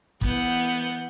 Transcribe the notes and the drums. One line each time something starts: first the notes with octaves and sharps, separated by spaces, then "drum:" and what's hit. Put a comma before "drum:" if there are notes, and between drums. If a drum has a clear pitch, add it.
E3 B3 F#5 G6, drum: kick G#1